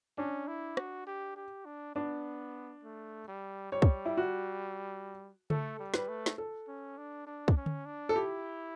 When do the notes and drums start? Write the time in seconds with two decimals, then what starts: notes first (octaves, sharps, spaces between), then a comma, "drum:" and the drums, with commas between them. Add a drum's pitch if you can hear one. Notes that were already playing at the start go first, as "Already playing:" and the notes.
0.18 C#4 D4
0.48 E4
0.77 F#4, drum: rim click
1.07 G4
1.36 G4
1.66 D4
1.96 B3 D4
2.84 A3
3.28 G3
3.72 G3 C#5
3.82 drum: kick
4.06 E4
4.17 F#4
5.50 A3 A4, drum: tom C#3
5.80 G3
5.94 B4, drum: snare
6.09 A3
6.26 drum: snare
6.38 A4
6.68 C#4
6.98 D4
7.27 D4
7.48 drum: kick
7.57 C#4
7.66 drum: tom D3
7.86 D4
8.09 A4
8.15 E4 G4